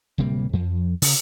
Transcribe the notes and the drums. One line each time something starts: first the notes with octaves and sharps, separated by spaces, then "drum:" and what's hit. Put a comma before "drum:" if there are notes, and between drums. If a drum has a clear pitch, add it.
D1 C3 G3 A#3
F2 F3
C#3, drum: open hi-hat